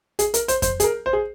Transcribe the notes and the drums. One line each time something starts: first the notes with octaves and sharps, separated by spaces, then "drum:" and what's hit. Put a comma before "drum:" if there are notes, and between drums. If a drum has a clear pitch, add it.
G#4, drum: hi-hat
A#4, drum: hi-hat
C5, drum: hi-hat
C5, drum: kick F2, hi-hat
G#4, drum: hi-hat
A#4
C5
G#4